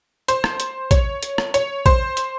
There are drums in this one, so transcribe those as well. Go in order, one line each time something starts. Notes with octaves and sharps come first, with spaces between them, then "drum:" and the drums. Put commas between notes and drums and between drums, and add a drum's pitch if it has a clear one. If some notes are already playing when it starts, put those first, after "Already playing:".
C5, drum: hi-hat
drum: rim click
drum: hi-hat
C#5, drum: kick, hi-hat
drum: hi-hat
drum: rim click
C#5, drum: hi-hat
C5, drum: kick, hi-hat
drum: hi-hat